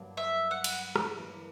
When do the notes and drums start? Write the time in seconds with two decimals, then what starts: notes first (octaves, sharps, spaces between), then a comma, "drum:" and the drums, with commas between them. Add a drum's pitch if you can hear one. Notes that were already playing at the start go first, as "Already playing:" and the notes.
Already playing: G2 F#3 A#3 D4
0.17 E5
0.51 F#5
0.64 drum: cymbal
0.96 drum: rim click
1.17 E3 A#3 D4 A#4 D5